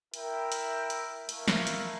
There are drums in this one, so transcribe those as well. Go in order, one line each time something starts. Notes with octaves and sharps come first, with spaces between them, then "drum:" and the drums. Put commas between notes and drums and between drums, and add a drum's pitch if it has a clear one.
E4 A#4 E5 G5, drum: hi-hat
drum: hi-hat
drum: hi-hat
A3 E4 A#4 F5, drum: hi-hat
drum: snare
drum: hi-hat